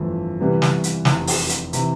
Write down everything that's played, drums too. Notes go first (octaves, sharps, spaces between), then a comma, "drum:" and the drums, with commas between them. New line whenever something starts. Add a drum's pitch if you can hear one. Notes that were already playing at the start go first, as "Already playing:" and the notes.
Already playing: G1 F2 E3 A3
C3 E3 G3 B3
drum: snare
drum: hi-hat
F1 E2 C3, drum: snare
drum: open hi-hat
drum: hi-hat
C3 E3, drum: hi-hat